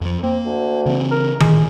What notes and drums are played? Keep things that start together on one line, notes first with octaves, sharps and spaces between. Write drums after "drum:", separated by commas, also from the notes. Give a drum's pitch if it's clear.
F2 F3
A#3 C4
D2
C#3 E3 C4
A#4
A1 A#2 G#3, drum: tom D#3